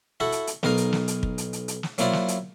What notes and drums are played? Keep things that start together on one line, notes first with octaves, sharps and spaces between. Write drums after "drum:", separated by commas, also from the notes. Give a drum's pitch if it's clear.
E4 F#4 A4
drum: hi-hat
drum: hi-hat
B1 D#4 A#4 F5, drum: snare
drum: hi-hat
drum: snare
drum: hi-hat
drum: kick
drum: hi-hat
drum: hi-hat
drum: hi-hat
drum: snare
F#3 A#3 E4 F4 C5 D5, drum: hi-hat
drum: snare
drum: hi-hat